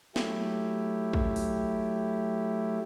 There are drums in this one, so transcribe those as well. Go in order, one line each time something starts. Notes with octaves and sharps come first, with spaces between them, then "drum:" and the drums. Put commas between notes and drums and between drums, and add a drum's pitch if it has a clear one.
F#3 A3 E4 G4, drum: snare
drum: kick
drum: open hi-hat